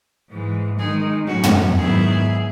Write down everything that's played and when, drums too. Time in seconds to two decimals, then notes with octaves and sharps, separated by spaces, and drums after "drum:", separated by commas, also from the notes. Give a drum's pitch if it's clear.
0.30 G#2 E3 G#3
0.78 D#3 G#3 D#4 G#4
1.27 A2 F#3 C#4 F#4
1.43 drum: tom
1.76 G#2 D#3 F#3 B3 E4 G#4